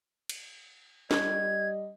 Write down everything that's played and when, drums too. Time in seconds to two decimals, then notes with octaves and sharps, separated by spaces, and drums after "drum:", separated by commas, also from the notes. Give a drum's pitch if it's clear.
0.29 drum: cymbal
1.11 G3 D#5 G#6, drum: snare